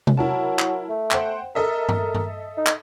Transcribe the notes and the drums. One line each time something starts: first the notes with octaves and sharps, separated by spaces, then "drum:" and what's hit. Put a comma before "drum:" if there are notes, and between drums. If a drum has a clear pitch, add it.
drum: tom C3
F#3 E4 A#4 A5
drum: clap
A3
C5 F#5 G5, drum: clap
A4 A#4 D#5 E5
drum: tom G2
drum: tom G2
D#4
drum: clap